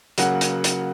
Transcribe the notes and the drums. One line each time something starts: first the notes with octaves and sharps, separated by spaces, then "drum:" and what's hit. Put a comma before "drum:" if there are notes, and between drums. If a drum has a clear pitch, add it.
C#3 F#3 A#3 F#5, drum: hi-hat
drum: hi-hat
drum: hi-hat